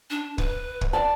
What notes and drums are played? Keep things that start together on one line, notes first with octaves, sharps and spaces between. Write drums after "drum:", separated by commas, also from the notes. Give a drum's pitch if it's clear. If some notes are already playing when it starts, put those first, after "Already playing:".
D4
B4, drum: kick
drum: kick
D5 A5